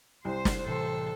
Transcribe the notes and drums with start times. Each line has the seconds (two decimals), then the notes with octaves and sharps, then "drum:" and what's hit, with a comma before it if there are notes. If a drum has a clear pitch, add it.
0.25 C2 C5
0.45 drum: snare
0.66 A2 C3 E3 A4